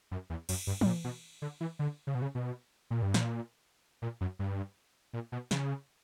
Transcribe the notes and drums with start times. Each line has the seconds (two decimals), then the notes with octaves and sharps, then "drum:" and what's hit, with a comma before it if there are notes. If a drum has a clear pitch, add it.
0.11 F#2
0.30 E2
0.49 F#2, drum: cymbal
0.67 G2
0.81 G2, drum: tom
0.86 A#2
1.04 B2
1.42 D3
1.61 E3
1.79 D3
2.07 C#3
2.15 B2
2.22 C#3
2.35 B2
2.90 A#2
3.02 G2
3.14 A#2, drum: snare
4.02 A#2
4.21 F#2
4.39 G2
5.13 A#2
5.32 B2
5.51 C#3, drum: snare